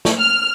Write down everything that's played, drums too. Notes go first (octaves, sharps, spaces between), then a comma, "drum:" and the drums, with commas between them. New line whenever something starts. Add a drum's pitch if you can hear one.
drum: snare
F6